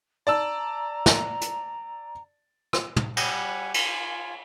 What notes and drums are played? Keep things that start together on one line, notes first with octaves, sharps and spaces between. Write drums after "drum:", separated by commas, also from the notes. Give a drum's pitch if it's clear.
D5 A5 A#5 E6
drum: snare
drum: hi-hat
drum: rim click
drum: tom
G3 F#5 G#5 B5, drum: cymbal
F4 G#5, drum: cymbal